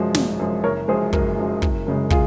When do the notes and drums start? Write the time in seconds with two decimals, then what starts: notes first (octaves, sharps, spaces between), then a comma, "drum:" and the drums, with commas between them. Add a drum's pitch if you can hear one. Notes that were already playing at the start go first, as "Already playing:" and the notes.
Already playing: F#2 F3 G#3 F#4
0.15 G#1, drum: snare
0.39 F#2 F3 G#3
0.63 F#1 A#4 C#5
0.87 F#2 F3 G#3 G#4 C5
1.13 F#1 F#4 A#4, drum: kick
1.38 F#2 F3 G#3
1.62 F#1, drum: kick
1.86 F#2 C#3 G#3
2.10 F4 G#4, drum: kick